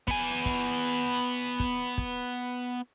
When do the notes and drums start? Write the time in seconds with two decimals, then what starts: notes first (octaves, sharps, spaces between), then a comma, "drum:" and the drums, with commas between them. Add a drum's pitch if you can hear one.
0.08 B3 G#5, drum: kick
0.46 drum: kick
1.60 drum: kick
1.98 drum: kick